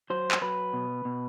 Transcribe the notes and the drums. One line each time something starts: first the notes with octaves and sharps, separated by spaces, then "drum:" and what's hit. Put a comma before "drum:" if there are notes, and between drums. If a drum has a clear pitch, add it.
F#3 C5
drum: clap
F#3 B4
B2
B2